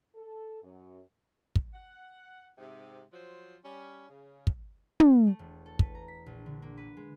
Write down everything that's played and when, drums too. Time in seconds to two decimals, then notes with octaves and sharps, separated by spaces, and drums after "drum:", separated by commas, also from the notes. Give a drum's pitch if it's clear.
0.15 A4
0.63 F#2
1.56 drum: kick
1.72 F#5
2.57 G#2 C3
3.11 F3 F#3 C5
3.62 G3 C#4
4.09 C#3
4.47 drum: kick
5.00 drum: tom
5.27 A3
5.39 E1
5.66 A4
5.79 B4, drum: kick
5.95 A#5
6.08 B6
6.26 A#1
6.46 D3
6.62 A#3
6.77 B4
6.97 G#3